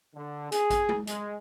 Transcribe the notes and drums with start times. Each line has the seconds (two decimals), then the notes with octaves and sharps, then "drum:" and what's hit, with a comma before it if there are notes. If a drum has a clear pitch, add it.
0.15 D3
0.52 G#4, drum: hi-hat
0.70 drum: kick A1, hi-hat
0.89 drum: tom G#3
1.07 G#3, drum: hi-hat